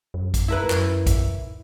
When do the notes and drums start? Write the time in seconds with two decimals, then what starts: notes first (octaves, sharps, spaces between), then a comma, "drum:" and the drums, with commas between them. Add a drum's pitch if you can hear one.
0.14 F#2
0.34 drum: kick, hi-hat
0.48 E4 A#4 B4
0.70 F#2, drum: clap
1.07 drum: kick, hi-hat